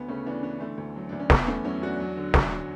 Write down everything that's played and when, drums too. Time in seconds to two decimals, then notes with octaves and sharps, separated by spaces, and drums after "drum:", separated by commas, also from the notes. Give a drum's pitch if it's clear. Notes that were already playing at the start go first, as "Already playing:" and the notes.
Already playing: D2 B3
0.08 C#3 A3 C#4
0.26 E3 B3 D4
0.43 E3 B3
0.60 D3 A3
0.78 D2
0.96 F#3
1.09 D2 D4
1.19 C#4
1.30 E2 B3, drum: snare
1.47 E2 A3 C#4
1.64 F#3 C#4 E4
1.82 E2 D4 F#4
2.00 F#3
2.17 D3
2.34 D2, drum: snare
2.52 F#3